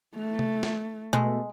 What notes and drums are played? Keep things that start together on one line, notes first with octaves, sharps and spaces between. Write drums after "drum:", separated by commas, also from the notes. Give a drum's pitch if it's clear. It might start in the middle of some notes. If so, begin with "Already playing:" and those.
A3
drum: tom C3
drum: snare
B2 G#3 A3